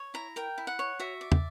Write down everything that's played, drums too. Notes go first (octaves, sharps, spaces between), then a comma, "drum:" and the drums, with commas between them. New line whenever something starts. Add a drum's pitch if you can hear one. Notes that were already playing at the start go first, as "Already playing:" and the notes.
Already playing: C#5
E4 A#5
A#4 G5
E4
F#5
C#5
F#4 E5
D5
drum: tom